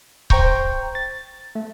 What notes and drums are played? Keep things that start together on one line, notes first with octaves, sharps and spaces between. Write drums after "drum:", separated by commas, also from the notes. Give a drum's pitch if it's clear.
C5 G5 A#5 C#6 G6, drum: kick C#1
A6
A3